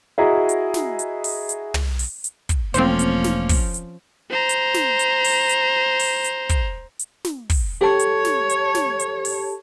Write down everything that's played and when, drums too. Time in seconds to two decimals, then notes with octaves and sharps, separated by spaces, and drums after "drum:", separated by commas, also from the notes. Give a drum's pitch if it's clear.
0.18 E4 F#4 G#4 D#5 A#5
0.49 drum: hi-hat
0.74 drum: snare
0.99 drum: hi-hat
1.24 drum: open hi-hat
1.49 drum: hi-hat
1.74 drum: tom
1.99 drum: open hi-hat
2.24 drum: hi-hat
2.49 drum: kick, hi-hat
2.74 E1 F3 A3 A#3 C4 C#4 C5, drum: hi-hat
2.99 drum: hi-hat
3.24 drum: snare
3.49 drum: kick, open hi-hat
3.74 drum: hi-hat
4.30 C5 A#5
4.49 drum: hi-hat
4.74 drum: snare
4.99 drum: hi-hat
5.24 drum: open hi-hat
5.49 drum: hi-hat
5.99 drum: open hi-hat
6.24 drum: hi-hat
6.49 drum: kick, hi-hat
7.00 drum: hi-hat
7.25 drum: snare
7.50 drum: kick, open hi-hat
7.81 G4 A4 C#5 A5
8.00 drum: hi-hat
8.25 drum: snare
8.50 drum: hi-hat
8.75 drum: snare
9.00 drum: hi-hat
9.25 drum: open hi-hat